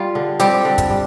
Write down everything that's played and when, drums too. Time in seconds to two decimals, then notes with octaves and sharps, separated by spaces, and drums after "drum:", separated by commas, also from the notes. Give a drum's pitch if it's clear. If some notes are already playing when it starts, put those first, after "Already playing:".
Already playing: G3 F4 G4
0.15 D3
0.40 G3 C4 G4, drum: hi-hat
0.65 D3
0.78 drum: kick, hi-hat
0.91 G3